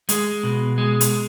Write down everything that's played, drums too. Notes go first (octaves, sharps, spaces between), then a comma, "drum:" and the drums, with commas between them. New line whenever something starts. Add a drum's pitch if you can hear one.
G#3, drum: hi-hat
B2
G#3
drum: hi-hat